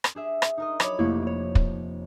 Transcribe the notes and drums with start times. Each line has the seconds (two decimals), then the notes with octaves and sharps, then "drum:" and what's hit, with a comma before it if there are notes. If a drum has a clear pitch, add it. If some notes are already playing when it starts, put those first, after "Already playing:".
0.04 drum: rim click
0.15 D4 G#4 E5
0.42 drum: rim click
0.58 D#4 A#4 D#5
0.80 F#3 C#5 B5 D6, drum: rim click
0.99 F1 F2 A3 A#3 E4 C#6
1.23 A#3 C#5
1.55 drum: kick